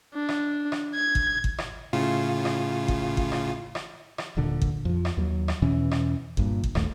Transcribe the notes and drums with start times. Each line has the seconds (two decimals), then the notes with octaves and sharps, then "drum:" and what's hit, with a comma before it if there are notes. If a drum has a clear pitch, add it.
0.14 D4
0.29 drum: rim click
0.72 drum: rim click
0.95 G#6
1.15 drum: kick G1
1.44 drum: kick G1
1.58 drum: rim click
1.93 A2 C#3 F4
2.45 drum: rim click
2.88 drum: kick G1
3.17 drum: kick G1
3.32 drum: rim click
3.75 drum: rim click
4.18 drum: rim click
4.37 D#1 A#2 D3
4.62 drum: kick G1
4.85 F2 F3
5.05 drum: rim click
5.17 D#2 F#3
5.48 drum: rim click
5.62 E2 B2 E3 C#4
5.91 drum: rim click
6.37 G1 G2 A#2, drum: kick G1
6.64 drum: kick G1
6.75 D#1 G#1 D#2 A3, drum: rim click